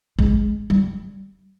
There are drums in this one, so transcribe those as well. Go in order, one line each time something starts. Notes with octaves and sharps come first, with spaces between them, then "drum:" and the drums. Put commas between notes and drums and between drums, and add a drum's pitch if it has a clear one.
G#3, drum: kick A1
G3